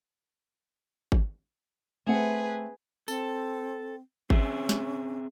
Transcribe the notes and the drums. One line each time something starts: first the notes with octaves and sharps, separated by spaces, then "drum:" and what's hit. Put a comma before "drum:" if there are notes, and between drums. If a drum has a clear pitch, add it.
drum: kick G#1
A3 C4 G#4 B4 F#5
C4 A4, drum: tambourine
C4 C#4 G#4 E5, drum: kick G#1
drum: snare